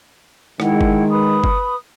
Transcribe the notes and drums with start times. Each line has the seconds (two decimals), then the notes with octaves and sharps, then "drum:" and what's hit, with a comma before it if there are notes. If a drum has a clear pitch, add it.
0.60 D#3 G#3 E4 F#5 G5, drum: rim click
0.81 drum: kick G1
1.10 B4 B5 D#6
1.44 drum: kick G1